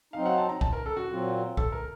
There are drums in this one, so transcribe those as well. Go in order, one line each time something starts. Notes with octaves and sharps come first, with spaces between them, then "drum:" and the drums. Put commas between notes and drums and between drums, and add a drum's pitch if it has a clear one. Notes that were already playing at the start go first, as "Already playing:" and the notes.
F#3 C4 D#4 F5
F#5
A5
A#5
A5, drum: kick B1
A#4
A4
F#4
A#2 F#3 C4 F4
A4, drum: kick B1
A#4